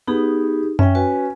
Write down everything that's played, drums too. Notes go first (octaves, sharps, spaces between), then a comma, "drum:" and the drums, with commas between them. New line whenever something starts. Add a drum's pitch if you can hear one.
B3 D#4 G4 G#4
C#4 E5 G5, drum: tom F#2
F#4 B4 G#5